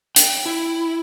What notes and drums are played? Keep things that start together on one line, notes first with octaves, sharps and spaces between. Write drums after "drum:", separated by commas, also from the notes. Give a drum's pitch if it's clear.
G5, drum: hi-hat
E4